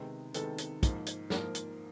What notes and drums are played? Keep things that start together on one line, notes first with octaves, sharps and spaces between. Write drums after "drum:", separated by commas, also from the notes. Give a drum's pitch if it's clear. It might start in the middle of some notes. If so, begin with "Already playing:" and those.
Already playing: C3 D#3 G#3 B3
C3 D#3 G#3 B3 A4, drum: hi-hat
drum: hi-hat
G#2 F3 A#3, drum: kick, hi-hat
drum: hi-hat
G#2 F3 A#3 A#4, drum: snare
drum: hi-hat